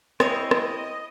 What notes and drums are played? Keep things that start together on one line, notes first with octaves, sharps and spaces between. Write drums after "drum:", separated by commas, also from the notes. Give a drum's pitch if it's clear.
G3 C4 E4 G#4 C#5 D#5, drum: rim click
drum: rim click